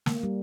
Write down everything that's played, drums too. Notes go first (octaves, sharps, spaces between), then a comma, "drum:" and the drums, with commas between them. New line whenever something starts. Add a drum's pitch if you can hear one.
A#3, drum: snare
G3